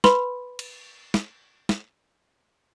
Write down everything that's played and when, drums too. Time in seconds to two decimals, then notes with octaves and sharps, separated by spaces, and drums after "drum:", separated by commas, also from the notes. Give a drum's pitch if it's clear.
0.04 B4 B5 C6, drum: snare
0.59 drum: cymbal
1.14 drum: snare
1.69 drum: snare